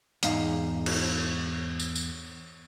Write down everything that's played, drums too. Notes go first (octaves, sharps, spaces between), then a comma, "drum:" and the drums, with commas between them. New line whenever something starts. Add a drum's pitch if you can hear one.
E2 G#2 D#4 F5, drum: hi-hat
drum: cymbal
drum: tambourine
drum: tambourine